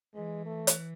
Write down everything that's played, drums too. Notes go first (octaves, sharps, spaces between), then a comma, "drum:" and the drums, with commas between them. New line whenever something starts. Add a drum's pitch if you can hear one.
E3 G#3
A3
drum: hi-hat